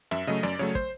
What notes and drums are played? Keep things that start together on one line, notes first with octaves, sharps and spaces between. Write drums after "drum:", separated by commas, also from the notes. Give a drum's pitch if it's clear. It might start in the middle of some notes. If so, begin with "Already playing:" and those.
F#2 E5, drum: snare
C#3 F#3 A3 D#5
F#2 D5, drum: snare
C#3 F#3 A3 C#5
C5, drum: kick